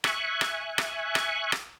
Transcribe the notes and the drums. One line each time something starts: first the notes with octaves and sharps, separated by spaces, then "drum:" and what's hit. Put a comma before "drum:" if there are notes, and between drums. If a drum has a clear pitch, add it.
E5 G#5 C#6 F#6, drum: rim click
drum: rim click
drum: rim click
drum: rim click
drum: rim click